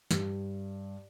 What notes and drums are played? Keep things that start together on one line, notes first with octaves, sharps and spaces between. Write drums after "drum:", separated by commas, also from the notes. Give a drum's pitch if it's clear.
G2, drum: snare